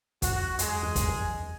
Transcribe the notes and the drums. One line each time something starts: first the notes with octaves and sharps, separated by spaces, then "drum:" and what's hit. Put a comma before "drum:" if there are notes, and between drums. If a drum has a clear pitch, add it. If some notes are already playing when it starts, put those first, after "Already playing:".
F#2 F#4, drum: kick, hi-hat
E2
F#2
E2 G#3 G#4, drum: hi-hat
F#2
E2
F#2, drum: kick, hi-hat
F#2
E2